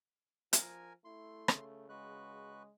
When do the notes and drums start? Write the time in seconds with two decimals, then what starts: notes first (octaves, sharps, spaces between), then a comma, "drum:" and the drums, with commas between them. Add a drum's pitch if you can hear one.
0.53 F3 A#4 G#5, drum: hi-hat
1.05 A3 E4 C6
1.48 C#3, drum: rim click
1.89 G#3 F#4 B4 F#6